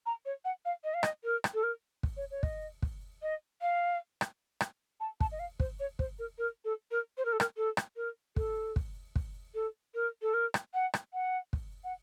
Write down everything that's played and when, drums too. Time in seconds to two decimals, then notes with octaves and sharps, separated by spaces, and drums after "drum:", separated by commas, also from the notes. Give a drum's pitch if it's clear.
0.06 A#5
0.25 C#5
0.45 F#5
0.65 F5
0.84 D#5
0.94 F5
1.03 D#5, drum: rim click
1.24 A#4
1.44 drum: rim click
1.54 A4
1.63 A#4
2.03 drum: kick
2.17 C#5
2.31 C#5
2.43 D#5, drum: kick
2.82 drum: kick
3.22 D#5
3.62 F5
4.21 drum: rim click
4.61 drum: rim click
5.00 A5
5.20 A5, drum: kick
5.32 D#5
5.39 F5
5.60 C5, drum: kick
5.80 C#5
5.99 C5, drum: kick
6.19 A#4
6.38 A#4
6.65 A4
6.91 A#4
7.18 C5
7.25 A#4
7.33 A4
7.40 A#4, drum: rim click
7.57 A4
7.77 drum: rim click
7.97 A#4
8.36 A4, drum: kick
8.76 drum: kick
9.16 drum: kick
9.54 A4
9.95 A#4
10.22 A4
10.34 A#4
10.54 drum: rim click
10.74 F#5
10.94 drum: rim click
11.14 F#5
11.53 drum: kick
11.84 F#5